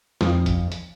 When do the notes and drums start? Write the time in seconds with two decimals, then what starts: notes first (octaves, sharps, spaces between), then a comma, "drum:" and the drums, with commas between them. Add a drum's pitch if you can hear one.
0.21 F2 F3, drum: snare
0.46 drum: kick G1, hi-hat
0.72 drum: hi-hat